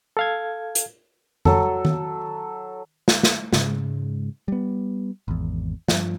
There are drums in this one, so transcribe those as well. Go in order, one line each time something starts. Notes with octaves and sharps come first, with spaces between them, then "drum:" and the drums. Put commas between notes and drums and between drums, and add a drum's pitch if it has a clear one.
A4 F5 G#6
drum: hi-hat
F#3 A4, drum: tom F2
drum: tom D#3
drum: snare
drum: snare
G#2 C#3 G#3, drum: snare
G3 B3
G#1 E2
G2 F3, drum: snare